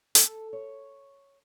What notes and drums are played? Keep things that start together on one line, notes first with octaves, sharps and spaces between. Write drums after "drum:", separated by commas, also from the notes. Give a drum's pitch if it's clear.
A4, drum: hi-hat
C#5